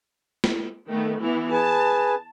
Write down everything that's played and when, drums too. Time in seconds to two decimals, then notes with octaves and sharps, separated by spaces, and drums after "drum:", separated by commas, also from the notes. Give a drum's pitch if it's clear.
0.44 drum: snare
0.89 D#3 A3 B3
1.21 E3 B3 E4
1.52 G#4 B4 G#5 A5